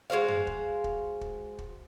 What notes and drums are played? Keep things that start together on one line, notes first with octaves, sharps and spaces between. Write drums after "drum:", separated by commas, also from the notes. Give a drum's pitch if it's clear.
G#3 F#4 C5 F5
drum: tom F#2
drum: kick
drum: kick
drum: kick
drum: kick